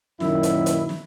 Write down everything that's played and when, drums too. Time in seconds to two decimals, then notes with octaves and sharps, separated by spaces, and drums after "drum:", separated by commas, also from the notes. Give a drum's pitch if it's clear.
0.20 F#2 A#2 D#3 E4, drum: snare
0.43 drum: hi-hat
0.66 drum: hi-hat
0.89 drum: snare